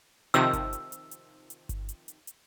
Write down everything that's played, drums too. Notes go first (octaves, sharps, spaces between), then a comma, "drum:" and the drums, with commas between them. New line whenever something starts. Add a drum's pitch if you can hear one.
C3 D#3 F3 E6, drum: hi-hat
drum: kick G1, hi-hat
drum: hi-hat
drum: hi-hat
drum: hi-hat
drum: hi-hat
drum: kick G1, hi-hat
drum: hi-hat
drum: hi-hat
drum: hi-hat